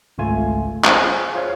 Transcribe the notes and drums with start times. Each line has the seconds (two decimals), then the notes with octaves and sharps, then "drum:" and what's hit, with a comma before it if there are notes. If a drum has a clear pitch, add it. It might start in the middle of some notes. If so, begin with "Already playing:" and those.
0.18 G#1 C#2 A3 F4 G#5
0.85 F4 G#4 C5 G#5, drum: clap
1.35 F4 C5 C#5 F5